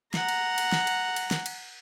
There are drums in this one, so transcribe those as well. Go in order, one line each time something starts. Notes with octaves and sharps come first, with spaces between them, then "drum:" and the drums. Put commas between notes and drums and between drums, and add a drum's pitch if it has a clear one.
F#5 A#5, drum: snare
drum: cymbal
drum: cymbal
drum: snare
drum: cymbal
drum: cymbal
drum: snare
drum: cymbal